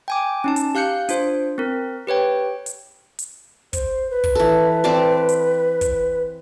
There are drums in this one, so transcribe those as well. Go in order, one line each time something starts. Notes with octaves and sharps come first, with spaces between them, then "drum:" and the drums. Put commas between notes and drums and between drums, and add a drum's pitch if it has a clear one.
G5 G#5 D6
C#4 D#4 A5
drum: hi-hat
G4 F5 F#6 G6 C#7
D4 F4 C5, drum: hi-hat
C4 A#4
G4 B4 C#5 G5
drum: hi-hat
drum: hi-hat
C5, drum: kick, hi-hat
B4
drum: kick, open hi-hat
E3 A4
C4 D5 A5
drum: hi-hat
drum: kick, hi-hat